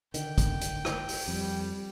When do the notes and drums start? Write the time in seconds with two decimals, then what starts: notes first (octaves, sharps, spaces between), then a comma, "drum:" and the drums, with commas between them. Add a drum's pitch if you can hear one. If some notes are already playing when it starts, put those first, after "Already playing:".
0.14 D3 D#3 G5, drum: hi-hat
0.38 drum: kick, hi-hat
0.61 drum: hi-hat
0.85 drum: rim click
1.09 drum: open hi-hat
1.28 F2 G3